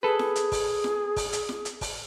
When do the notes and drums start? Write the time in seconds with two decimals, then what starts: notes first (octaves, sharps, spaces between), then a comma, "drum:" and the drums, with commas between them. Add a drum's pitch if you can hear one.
0.03 G#4 A4 B4
0.19 drum: snare
0.35 drum: hi-hat
0.52 drum: kick, open hi-hat
0.84 drum: snare
1.16 drum: kick, open hi-hat
1.33 drum: hi-hat
1.49 drum: snare
1.65 drum: hi-hat
1.81 drum: kick, open hi-hat